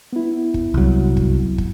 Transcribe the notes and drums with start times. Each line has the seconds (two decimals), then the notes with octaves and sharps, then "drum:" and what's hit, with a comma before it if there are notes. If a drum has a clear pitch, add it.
0.13 B3 E4
0.54 drum: kick
0.74 C2 F#3
1.17 drum: kick
1.58 drum: kick